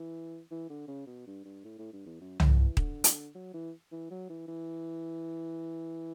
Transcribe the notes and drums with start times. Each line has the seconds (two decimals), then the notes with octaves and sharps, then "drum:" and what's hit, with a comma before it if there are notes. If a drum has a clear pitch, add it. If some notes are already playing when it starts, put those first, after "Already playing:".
Already playing: E3
0.51 E3
0.70 D3
0.88 C#3
1.07 B2
1.27 G2
1.45 G2
1.64 A2
1.78 A2
1.93 G2
2.06 E2
2.21 F#2
2.40 A2, drum: tom
2.59 E3
2.77 D3, drum: kick D#1
3.04 drum: hi-hat
3.35 F#3
3.54 E3
3.92 E3
4.11 F#3
4.29 E3
4.48 E3